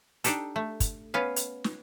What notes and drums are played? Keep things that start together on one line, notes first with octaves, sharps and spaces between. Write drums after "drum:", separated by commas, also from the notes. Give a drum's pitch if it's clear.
D4 D#4 G4 A4, drum: hi-hat
A3
drum: kick, hi-hat
B3 C#4 F5
drum: hi-hat
drum: snare